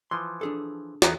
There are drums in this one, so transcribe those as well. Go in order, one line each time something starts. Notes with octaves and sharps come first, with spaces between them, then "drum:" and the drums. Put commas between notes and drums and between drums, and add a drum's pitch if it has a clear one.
E3 F3 C6
D4 G#4 A4
E2 B3 D#4 G#4 A4 A#5, drum: snare